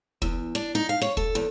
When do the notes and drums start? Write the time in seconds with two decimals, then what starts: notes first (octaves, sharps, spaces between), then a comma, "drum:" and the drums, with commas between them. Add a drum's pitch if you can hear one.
0.22 E2, drum: kick
0.55 D4, drum: snare
0.75 D#4
0.89 F5
1.01 C#5, drum: snare
1.17 A4, drum: kick
1.35 E2